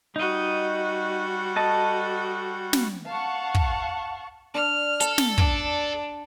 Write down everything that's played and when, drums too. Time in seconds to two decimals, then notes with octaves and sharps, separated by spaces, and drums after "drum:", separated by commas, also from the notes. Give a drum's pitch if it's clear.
0.16 G3 D#4 F#4 D#5
1.56 A4 D#5 A5
2.73 drum: snare
3.06 F5 F#5 A5 C#6
3.55 drum: kick
4.54 D4 F6
5.01 A4 A5, drum: hi-hat
5.18 drum: snare
5.38 D4, drum: kick